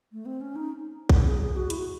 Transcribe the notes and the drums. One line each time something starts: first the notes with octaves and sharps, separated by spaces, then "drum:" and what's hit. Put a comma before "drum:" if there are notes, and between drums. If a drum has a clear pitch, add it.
A3
C4
C#4
D#4
drum: kick A#1
G#4
G#4
F#4
E4, drum: hi-hat
F#4